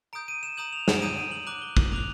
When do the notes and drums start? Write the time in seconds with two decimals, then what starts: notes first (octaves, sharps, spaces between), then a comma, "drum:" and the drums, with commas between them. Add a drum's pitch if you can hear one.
0.13 A#5 D#6 G6 D7
0.28 D#7
0.43 E7
0.57 A#5 D#6 G6 F#7
0.73 F7
0.88 E7, drum: snare
0.95 D7
1.02 A#5 D#6 G6 D#7
1.18 D#7
1.32 F#7
1.47 A#5 D6 F#6 F#7
1.62 G7
1.77 F#7, drum: kick
1.91 A#5 D6 F#6 F7